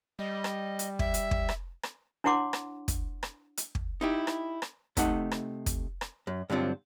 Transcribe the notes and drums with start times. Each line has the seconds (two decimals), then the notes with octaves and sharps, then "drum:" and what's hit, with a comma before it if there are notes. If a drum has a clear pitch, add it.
0.19 G3 D#5
0.44 drum: rim click
0.79 drum: hi-hat
0.99 E5, drum: kick
1.14 drum: hi-hat
1.31 drum: kick
1.49 drum: rim click
1.83 drum: rim click
2.24 D4 E4 C#5 F#5 C6 D6
2.53 drum: rim click
2.88 drum: kick, hi-hat
3.23 drum: rim click
3.57 drum: hi-hat
3.75 drum: kick
4.01 D#4 E4 G4
4.27 drum: rim click
4.62 drum: rim click
4.97 C3 A3 D#4 F#5, drum: kick, hi-hat
5.31 drum: rim click
5.66 drum: kick, hi-hat
6.01 drum: rim click
6.27 F#2
6.50 G2 D3 F#3 C4 F4